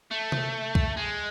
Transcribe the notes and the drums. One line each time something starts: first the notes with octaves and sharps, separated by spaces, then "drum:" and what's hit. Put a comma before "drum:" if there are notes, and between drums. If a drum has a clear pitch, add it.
A3
drum: tom C3
drum: kick
G#3